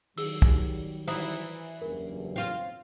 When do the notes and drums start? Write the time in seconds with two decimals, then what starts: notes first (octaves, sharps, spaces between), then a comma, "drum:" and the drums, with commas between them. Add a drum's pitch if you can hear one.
0.18 D#3 F#3 G3 G#4 E6, drum: open hi-hat
0.42 drum: kick
1.08 E3 E4 C5 A#5 D#6, drum: open hi-hat
1.82 F#1 E2 G2 A#4
2.36 C4 F4